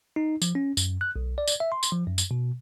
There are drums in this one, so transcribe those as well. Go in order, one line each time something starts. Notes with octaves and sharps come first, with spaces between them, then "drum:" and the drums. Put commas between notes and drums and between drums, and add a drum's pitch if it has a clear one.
D#4
F3, drum: tambourine
C#4
F#2, drum: tambourine
F#6
B1
D5
drum: tambourine
E5
C6
drum: tambourine
F3
F#2
drum: tambourine
B2